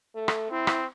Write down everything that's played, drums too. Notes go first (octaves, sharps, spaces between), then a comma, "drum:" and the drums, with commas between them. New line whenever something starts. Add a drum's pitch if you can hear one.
A3
drum: rim click
C4 E4
drum: rim click